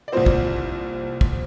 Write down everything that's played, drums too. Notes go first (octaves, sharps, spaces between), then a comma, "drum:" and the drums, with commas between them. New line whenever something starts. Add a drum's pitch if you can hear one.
D5
C2 A#2 F3 C4 C5
drum: kick
drum: kick